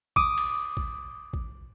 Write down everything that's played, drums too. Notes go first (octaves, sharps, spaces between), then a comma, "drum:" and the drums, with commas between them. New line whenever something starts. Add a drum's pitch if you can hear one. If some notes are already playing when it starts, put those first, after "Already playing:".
D6 D#6, drum: kick A1
drum: cymbal
drum: kick A1
drum: kick A1